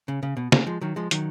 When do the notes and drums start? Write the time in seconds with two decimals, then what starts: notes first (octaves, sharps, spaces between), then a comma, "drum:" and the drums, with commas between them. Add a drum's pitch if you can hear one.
0.08 C#3
0.23 C#3
0.37 B2
0.52 C#3, drum: snare
0.66 F3 G#3
0.81 D#3 F#3
0.96 F3 G#3
1.11 D#3 F#3, drum: hi-hat